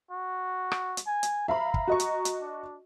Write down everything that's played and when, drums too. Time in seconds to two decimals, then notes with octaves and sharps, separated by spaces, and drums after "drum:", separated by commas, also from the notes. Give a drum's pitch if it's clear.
0.11 F#4
0.72 drum: rim click
0.97 drum: hi-hat
1.07 G#5
1.23 drum: hi-hat
1.48 E5 F5 A#5 B5
1.74 drum: kick
1.88 F#4 D#5 C#6
2.00 drum: hi-hat
2.25 drum: hi-hat
2.42 D4